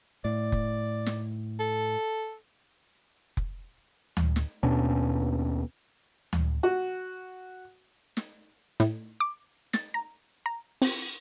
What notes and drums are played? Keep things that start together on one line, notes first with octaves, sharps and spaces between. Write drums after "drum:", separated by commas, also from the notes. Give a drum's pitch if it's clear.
A2 D5
drum: kick F1
drum: snare
A4
drum: kick F1
drum: tom D2
drum: snare
D#2 B2 C#4 D4
drum: tom D2
F#4
drum: snare
A2, drum: snare
D6
A6, drum: snare
A#5
A#5
C4, drum: open hi-hat